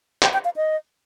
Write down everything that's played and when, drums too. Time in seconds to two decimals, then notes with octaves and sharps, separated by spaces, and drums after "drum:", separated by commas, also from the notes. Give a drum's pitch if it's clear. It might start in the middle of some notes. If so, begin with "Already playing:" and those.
0.22 G5, drum: clap
0.33 G5
0.45 F5
0.56 D#5